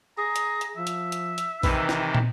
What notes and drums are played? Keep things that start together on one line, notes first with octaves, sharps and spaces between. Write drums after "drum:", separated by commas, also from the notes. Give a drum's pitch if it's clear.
G#4 A#5
drum: hi-hat
drum: hi-hat
F3 E5
drum: hi-hat
drum: hi-hat
drum: hi-hat
C3 D#3 E3 B4, drum: kick A#1, open hi-hat
drum: snare
drum: tom